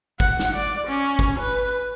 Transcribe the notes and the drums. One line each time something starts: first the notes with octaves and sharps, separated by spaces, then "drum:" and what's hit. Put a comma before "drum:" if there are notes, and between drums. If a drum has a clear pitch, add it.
F#5, drum: kick
drum: snare
D5
C#4
drum: kick
B4